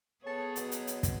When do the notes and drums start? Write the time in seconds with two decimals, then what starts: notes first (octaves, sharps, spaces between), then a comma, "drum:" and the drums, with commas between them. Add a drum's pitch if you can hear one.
0.24 B3 G#4 A4 C#5
0.56 B2 F#3, drum: hi-hat
0.71 drum: hi-hat
0.87 drum: hi-hat
1.03 drum: kick, hi-hat